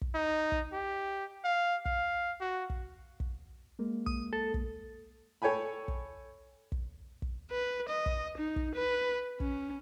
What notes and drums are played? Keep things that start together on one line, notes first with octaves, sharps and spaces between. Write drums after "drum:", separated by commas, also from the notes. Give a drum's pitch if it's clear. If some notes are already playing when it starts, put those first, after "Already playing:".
drum: kick
D#4
drum: kick
G4
F5
F5, drum: kick
F#4
drum: kick
drum: kick
G#3 A#3
D#6, drum: kick
A4
drum: kick
A4 C#5 G5 G#5 B5
drum: kick
drum: kick
drum: kick
B4
D#5
drum: kick
D#4
drum: kick
B4
C#4, drum: kick